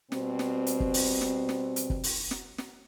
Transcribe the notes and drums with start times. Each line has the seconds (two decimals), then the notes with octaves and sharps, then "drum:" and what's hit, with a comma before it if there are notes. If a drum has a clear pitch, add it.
0.12 B2 G3 C4, drum: snare
0.39 drum: snare
0.67 drum: hi-hat
0.80 drum: kick
0.94 drum: open hi-hat
1.21 drum: snare
1.49 drum: snare
1.76 drum: hi-hat
1.90 drum: kick
2.04 drum: open hi-hat
2.31 drum: snare
2.58 drum: snare